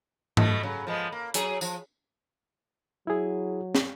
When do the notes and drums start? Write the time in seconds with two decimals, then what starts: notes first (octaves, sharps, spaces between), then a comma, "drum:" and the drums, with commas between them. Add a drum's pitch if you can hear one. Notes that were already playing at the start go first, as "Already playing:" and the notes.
0.37 B2 A3, drum: tom G#2
0.63 C#3 F#3
0.87 F3 G#3 B3
1.12 A#3
1.34 F#3 G#4, drum: hi-hat
1.61 F3, drum: tambourine
3.07 F#3 E4 G#4
3.75 drum: snare